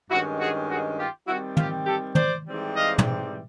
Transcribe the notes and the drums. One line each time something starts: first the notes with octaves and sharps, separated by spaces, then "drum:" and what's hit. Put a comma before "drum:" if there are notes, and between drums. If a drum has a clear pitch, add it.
G2 D#3 G#3 C#4 E4 F#4
F#4 G#4
F#4 G#4
F4 G4
D#3 G3 C4 E4 F#4
F4 G4, drum: tom
G4 A4
C5 D5, drum: tom
G#2 E3 G3 C4
D#5 F5
drum: tom